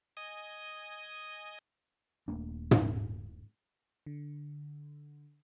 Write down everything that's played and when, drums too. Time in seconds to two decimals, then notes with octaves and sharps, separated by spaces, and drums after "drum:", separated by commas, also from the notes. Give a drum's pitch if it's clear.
0.17 D#5 G#5 D#6
2.28 D#1 A3 A#3 D4
2.71 drum: tom
4.06 D3